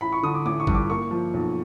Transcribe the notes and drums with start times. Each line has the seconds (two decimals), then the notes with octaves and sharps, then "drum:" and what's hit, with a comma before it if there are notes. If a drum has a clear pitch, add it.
0.01 A1 B5
0.13 C#6
0.23 D3 D#6
0.35 D6
0.46 A1 D6, drum: tom G#3
0.60 C#6
0.67 G2, drum: kick G#1
0.75 D6
0.90 A#3 C#6
1.11 F3
1.34 B1